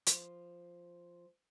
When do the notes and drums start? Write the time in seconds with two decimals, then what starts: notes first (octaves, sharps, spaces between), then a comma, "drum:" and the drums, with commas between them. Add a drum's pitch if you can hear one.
0.07 F3, drum: hi-hat